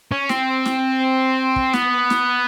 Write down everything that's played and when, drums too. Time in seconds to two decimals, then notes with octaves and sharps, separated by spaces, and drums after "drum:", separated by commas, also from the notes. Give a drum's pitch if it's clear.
0.11 C#4
0.29 C4, drum: snare
0.66 drum: snare
1.56 drum: kick
1.74 B3, drum: snare
2.10 drum: snare